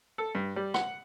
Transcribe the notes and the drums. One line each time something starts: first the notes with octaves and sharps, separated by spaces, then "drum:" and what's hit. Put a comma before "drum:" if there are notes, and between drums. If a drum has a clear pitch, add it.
A4
G2
G3
F#5, drum: rim click